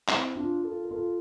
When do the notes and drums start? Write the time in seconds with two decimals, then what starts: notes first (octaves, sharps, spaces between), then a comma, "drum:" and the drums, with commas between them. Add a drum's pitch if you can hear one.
0.08 C4 E4, drum: clap
0.35 D4 F4
0.63 F4 A4
0.83 A#4
0.91 F4 A4